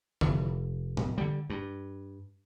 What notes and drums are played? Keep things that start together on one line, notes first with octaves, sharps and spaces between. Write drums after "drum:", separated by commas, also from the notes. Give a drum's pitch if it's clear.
F1, drum: tom D3
drum: tom
D3 G3
G2